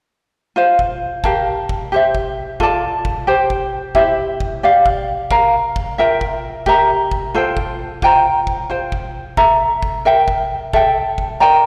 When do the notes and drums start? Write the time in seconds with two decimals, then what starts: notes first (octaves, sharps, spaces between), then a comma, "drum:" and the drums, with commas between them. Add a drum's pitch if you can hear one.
0.56 F4 C5 F5
0.79 drum: kick
1.24 G4 A#4 F5 A5, drum: kick
1.69 drum: kick
1.92 G4 C5 E5
2.15 drum: kick
2.60 F4 A4 D5 A5, drum: kick
3.05 drum: kick
3.27 G4 C5 G5
3.50 drum: kick
3.95 E4 G4 C5 E5, drum: kick
4.40 drum: kick
4.63 G4 D5 F5
4.86 drum: kick
5.31 A#4 F5 A#5, drum: kick
5.76 drum: kick
5.98 F4 A#4 E5 G5
6.21 drum: kick
6.66 G4 A#4 E5 A#5, drum: kick
7.11 drum: kick
7.34 F4 A4 C5 G5
7.57 drum: kick
8.02 F4 C5 G5 A#5, drum: kick
8.47 drum: kick
8.70 F4 C5 G5
8.92 drum: kick
9.37 A4 E5 A#5, drum: kick
9.83 drum: kick
10.05 A#4 E5 G5
10.28 drum: kick
10.73 A4 E5 G5, drum: kick
11.18 drum: kick
11.40 A#4 D5 G5 A#5